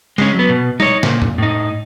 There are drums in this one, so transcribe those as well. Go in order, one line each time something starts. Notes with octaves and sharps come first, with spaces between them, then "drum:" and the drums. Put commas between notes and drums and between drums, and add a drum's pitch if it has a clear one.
G#3 C#4, drum: snare
F#3 B3
B2
D#4 C#5, drum: tom G3
A#2, drum: snare
drum: tom F2
A2 D#4